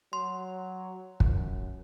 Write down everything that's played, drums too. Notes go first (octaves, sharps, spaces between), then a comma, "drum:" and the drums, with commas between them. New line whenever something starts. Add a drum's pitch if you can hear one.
F#3 C6
F#2, drum: kick